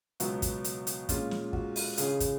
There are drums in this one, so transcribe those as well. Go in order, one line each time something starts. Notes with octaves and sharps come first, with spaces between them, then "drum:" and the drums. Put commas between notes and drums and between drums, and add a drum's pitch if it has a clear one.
C#2 B2 F#3 B3 F#4, drum: hi-hat
drum: kick, hi-hat
drum: hi-hat
drum: hi-hat
A#2 G#3 C#4 F4, drum: kick, hi-hat
drum: snare
F#4, drum: kick
drum: open hi-hat
C#2 C#3 G#3 C#4 G#4, drum: hi-hat
drum: kick, hi-hat